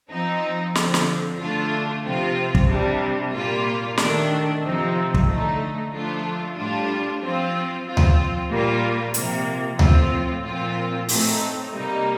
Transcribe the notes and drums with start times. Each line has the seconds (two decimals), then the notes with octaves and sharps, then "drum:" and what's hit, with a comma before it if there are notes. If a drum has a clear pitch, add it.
0.11 F3 C4 D#4
0.75 D3 F3 C4, drum: snare
0.94 drum: snare
1.39 D3 A3 D4 F4
2.04 C3 F3 C4 F4
2.55 drum: kick
2.68 C3 G3 D4
3.34 A#2 G3 A#3 F4
3.97 D#3 A3 D4, drum: snare
4.62 C3 F3 C4 D#4
5.14 drum: kick
5.27 D3 A3 D#4
5.91 F3 A3 D4 F4
6.57 A2 G3 D4 F4
7.21 F3 C4 F4
7.86 F3 C4 F4
7.97 drum: tom D2
8.50 A#2 G3 A#3 F4
9.14 C3 F3 A#3, drum: hi-hat
9.79 A2 F3 C4 F4, drum: tom D2
10.44 A#2 F3 C4 F4
11.08 A2 A3 C4 D#4, drum: open hi-hat
11.73 C3 G3 A#3 D#4